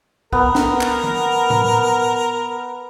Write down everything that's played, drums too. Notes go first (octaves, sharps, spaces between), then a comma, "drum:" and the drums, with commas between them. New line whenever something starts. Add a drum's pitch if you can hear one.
B3 A#4, drum: kick C2
drum: snare
drum: clap
drum: tom D#3
drum: tom A2